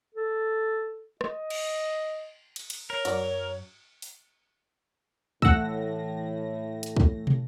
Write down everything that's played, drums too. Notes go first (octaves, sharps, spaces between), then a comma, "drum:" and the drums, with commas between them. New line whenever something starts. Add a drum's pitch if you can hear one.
A4
D#5, drum: rim click
drum: cymbal
drum: cymbal
drum: cymbal
A#4 C#5
F#2 F#4 D5 A#5, drum: cymbal
drum: open hi-hat
A2 E3 A3 F#5 E6 A#6, drum: kick
drum: hi-hat
drum: kick
drum: tom